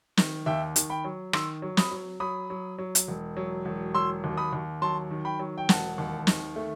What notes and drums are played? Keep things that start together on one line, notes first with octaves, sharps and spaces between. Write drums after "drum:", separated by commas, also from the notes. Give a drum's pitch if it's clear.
D#3, drum: snare
D#2 E5 G5
D#3, drum: hi-hat
G5 B5
F#3
D#3 C6 E6, drum: rim click
F#3
B5 D#6, drum: snare
F#3
F#3 B5 D#6
F#3
F#3
drum: hi-hat
E1
F#3
E1
F#3 C6 E6
D#2
B5 D#6
D#2
F#3 A5 C6
D#3
G5 B5
F#3
G5
E1 F#5 A5, drum: snare
D#2
D#3, drum: snare
A3